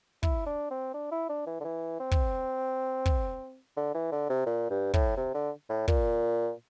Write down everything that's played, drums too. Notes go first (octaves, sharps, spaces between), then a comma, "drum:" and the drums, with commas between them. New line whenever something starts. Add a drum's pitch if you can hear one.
E4, drum: kick
D4
C4
D4
E4
D4
E3
D3
E3
C4
drum: kick
drum: kick
D3
E3
D3
C3
A#2
G2
A2, drum: kick
C3
D3
A2
A#2, drum: kick